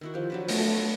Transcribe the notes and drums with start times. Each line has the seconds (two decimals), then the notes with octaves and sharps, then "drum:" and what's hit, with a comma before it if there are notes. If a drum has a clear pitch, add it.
0.01 D#3 E4 F#4
0.14 F3 G4
0.30 F#3 D4 B4
0.48 F#3 A3 B3 F4, drum: open hi-hat